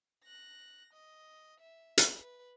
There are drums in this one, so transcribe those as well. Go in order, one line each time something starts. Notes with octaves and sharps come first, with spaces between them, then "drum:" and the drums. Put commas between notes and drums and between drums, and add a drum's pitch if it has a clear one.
F#6 A#6
D#5
E5
drum: hi-hat
B4